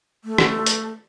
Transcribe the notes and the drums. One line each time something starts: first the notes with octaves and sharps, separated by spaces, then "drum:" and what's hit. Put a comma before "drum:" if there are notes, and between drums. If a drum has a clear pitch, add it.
A3
drum: rim click
drum: hi-hat